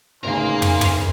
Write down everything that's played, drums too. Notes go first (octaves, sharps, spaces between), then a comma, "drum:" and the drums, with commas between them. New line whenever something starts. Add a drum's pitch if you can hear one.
A1 D2 C#3 D#4 G#4 A#4 F5 C6
drum: tom
drum: tom